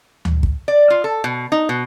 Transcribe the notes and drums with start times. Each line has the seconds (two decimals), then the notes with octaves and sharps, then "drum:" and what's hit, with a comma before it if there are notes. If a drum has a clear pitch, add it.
0.25 drum: tom D2
0.43 drum: kick
0.68 D5
0.90 F4
1.04 A4
1.24 B2
1.52 D#4
1.69 B2